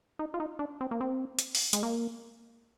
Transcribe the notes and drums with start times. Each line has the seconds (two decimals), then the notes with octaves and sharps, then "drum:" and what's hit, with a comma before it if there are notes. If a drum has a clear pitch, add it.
0.19 D#4
0.34 F4
0.40 D#4
0.59 D4
0.81 C4
0.91 A#3
1.01 C4
1.39 drum: hi-hat
1.55 drum: open hi-hat
1.73 G#3, drum: hi-hat
1.83 A#3